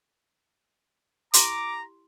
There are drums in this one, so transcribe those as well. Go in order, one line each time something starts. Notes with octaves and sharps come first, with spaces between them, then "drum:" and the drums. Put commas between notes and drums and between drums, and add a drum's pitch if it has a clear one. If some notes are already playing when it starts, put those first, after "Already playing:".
E4 G4 A#5 C6 D6, drum: hi-hat